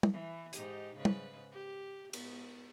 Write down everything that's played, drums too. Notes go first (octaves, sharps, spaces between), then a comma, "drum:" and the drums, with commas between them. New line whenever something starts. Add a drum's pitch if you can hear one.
drum: tom
E3
G#2 D#4 G4, drum: hi-hat
G#2 C#3 B4
drum: tom
G4
G#2 B3, drum: cymbal